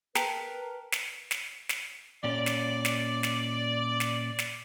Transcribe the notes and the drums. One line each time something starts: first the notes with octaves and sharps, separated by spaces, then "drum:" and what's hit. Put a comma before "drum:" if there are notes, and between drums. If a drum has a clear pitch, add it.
A#4 B4 G5 A5 B6, drum: snare
drum: snare
drum: snare
drum: snare
A#2 C#4 D5
drum: snare
drum: snare
drum: snare
drum: snare
drum: snare